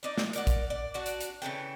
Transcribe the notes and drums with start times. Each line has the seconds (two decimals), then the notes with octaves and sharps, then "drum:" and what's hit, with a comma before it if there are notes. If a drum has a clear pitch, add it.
0.03 D4 D#4 D5
0.18 drum: snare
0.33 A#4 D5 F#5, drum: hi-hat
0.47 drum: kick, hi-hat
0.70 D5
0.94 D4 F#4 D5
1.06 drum: hi-hat
1.21 drum: hi-hat
1.42 C#3 E3 A4 G5